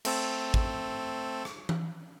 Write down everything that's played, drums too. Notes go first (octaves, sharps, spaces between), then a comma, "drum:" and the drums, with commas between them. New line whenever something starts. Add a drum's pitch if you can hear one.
A3 C4 A4, drum: cymbal
drum: kick
drum: rim click
drum: tom E3